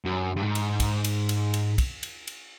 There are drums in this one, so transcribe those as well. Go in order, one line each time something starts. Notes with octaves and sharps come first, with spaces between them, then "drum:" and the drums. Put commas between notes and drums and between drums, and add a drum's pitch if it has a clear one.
F#2
G2
G#2
drum: cymbal
drum: kick, cymbal
drum: cymbal
drum: cymbal
drum: cymbal
drum: kick, cymbal
drum: cymbal
drum: cymbal